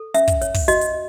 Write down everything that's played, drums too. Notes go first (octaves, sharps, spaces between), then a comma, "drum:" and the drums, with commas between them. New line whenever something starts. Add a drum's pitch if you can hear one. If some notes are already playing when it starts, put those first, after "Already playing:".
Already playing: A4
C#4 E5, drum: hi-hat
drum: kick, hi-hat
C#5, drum: hi-hat
drum: kick, open hi-hat
F#4 D#5, drum: hi-hat
drum: hi-hat